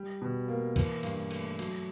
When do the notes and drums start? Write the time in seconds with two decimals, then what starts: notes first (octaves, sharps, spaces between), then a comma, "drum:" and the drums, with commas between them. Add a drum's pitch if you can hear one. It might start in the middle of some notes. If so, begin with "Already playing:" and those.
Already playing: G3
0.22 B2
0.48 A#3
0.76 E3, drum: kick, cymbal
1.03 G2, drum: cymbal
1.31 A3, drum: cymbal
1.59 F#3, drum: cymbal